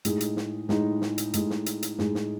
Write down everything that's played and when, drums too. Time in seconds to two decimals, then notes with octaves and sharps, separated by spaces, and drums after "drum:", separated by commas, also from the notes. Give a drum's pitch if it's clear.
0.05 A2 G#3 D#4 G#4, drum: hi-hat
0.21 drum: hi-hat
0.37 drum: snare
0.69 A2 G#3 D#4 G#4, drum: snare
1.02 drum: snare
1.18 drum: hi-hat
1.34 A2 G#3 D#4 G#4, drum: hi-hat
1.50 drum: snare
1.66 drum: hi-hat
1.83 drum: hi-hat
1.98 A2 G#3 D#4 G#4, drum: snare
2.15 drum: snare